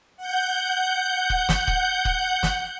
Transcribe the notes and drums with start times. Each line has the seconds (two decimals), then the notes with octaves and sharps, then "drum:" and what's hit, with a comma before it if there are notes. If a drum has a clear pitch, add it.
0.17 F#5 G6
1.30 drum: kick
1.49 drum: snare
1.68 drum: kick
2.05 drum: kick
2.43 drum: snare